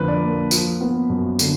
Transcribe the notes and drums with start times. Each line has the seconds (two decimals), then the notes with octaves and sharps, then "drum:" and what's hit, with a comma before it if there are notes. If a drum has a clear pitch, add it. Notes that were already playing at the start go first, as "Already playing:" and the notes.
Already playing: F2 D3 F3 A#3 B4
0.08 D5
0.22 A#3
0.51 F3, drum: tambourine
0.81 B3
1.10 F#2
1.39 D3, drum: tambourine